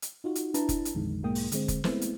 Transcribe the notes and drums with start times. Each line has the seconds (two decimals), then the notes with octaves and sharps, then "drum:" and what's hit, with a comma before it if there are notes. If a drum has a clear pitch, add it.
0.02 drum: hi-hat
0.24 D#4 F4 F#4
0.35 drum: hi-hat
0.54 D4 E4 B4 A5 A#5, drum: hi-hat
0.69 drum: kick F1, hi-hat
0.85 drum: hi-hat
0.95 A#1 F2 D3 D#3 G#3
1.23 B1 G#2 G#3 A#3 G5 D#6
1.35 drum: open hi-hat
1.52 D3 G#3 C4, drum: hi-hat
1.68 drum: kick F1, hi-hat
1.84 G#3 A3 B3 C4 E4, drum: snare
2.01 drum: hi-hat